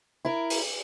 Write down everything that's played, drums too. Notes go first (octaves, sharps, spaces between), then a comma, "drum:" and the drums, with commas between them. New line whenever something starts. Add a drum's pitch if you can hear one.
E4 A#4
drum: open hi-hat